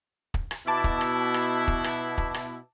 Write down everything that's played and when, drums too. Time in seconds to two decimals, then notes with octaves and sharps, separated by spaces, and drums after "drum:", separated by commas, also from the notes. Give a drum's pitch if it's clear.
0.34 drum: kick
0.51 drum: rim click
0.67 B2 E4 A5 D6
0.84 drum: kick
1.01 drum: rim click
1.34 drum: rim click
1.68 drum: kick
1.84 drum: rim click
2.18 drum: kick
2.34 drum: rim click